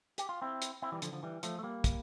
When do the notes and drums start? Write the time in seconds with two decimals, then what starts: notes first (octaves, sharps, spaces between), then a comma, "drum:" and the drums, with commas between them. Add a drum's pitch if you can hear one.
0.18 G4, drum: hi-hat
0.29 F4
0.42 C4 E4
0.62 drum: hi-hat
0.82 C4 E4
0.92 E3 G3
1.02 D3 F3, drum: hi-hat
1.12 D3 F3
1.23 E3 G3
1.43 F3 A3, drum: hi-hat
1.59 A3
1.63 G3 A#3
1.84 drum: kick, hi-hat